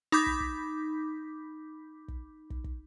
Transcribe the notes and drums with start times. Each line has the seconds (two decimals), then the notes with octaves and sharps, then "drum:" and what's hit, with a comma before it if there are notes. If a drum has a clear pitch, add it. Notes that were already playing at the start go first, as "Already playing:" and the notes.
0.12 D#4 B5 D6 G6 B6
0.26 drum: kick
0.40 drum: kick
2.08 drum: kick
2.50 drum: kick
2.64 drum: kick